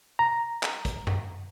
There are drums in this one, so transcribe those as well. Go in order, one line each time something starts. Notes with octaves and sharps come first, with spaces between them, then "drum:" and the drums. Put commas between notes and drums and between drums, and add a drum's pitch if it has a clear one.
A#5
drum: clap
drum: kick, hi-hat
drum: tom F#2